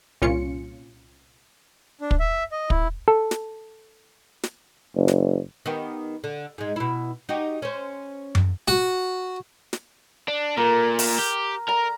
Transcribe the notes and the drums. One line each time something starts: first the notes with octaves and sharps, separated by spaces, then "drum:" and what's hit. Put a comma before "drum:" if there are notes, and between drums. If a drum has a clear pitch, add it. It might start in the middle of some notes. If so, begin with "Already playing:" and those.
C2 A#2 C#4 F4 C#7
D4
drum: kick
E5
D#5
E4, drum: kick
A4
drum: snare
drum: snare
F#1
drum: snare
D#3 B3 G4
D3
G#2 G#3
B2 E4
D#4 F#4 G4
C#4 C5
drum: tom F#2
F#4
drum: snare
D4
A#2 A#4
drum: open hi-hat
G4
A#4 A#5